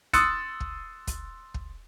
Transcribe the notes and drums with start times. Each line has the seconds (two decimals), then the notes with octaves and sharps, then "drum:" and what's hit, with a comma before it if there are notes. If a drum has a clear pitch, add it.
0.13 C6 D#6 E6 F#6 A6 C#7, drum: kick, hi-hat
0.60 drum: kick
1.07 drum: kick, hi-hat
1.54 drum: kick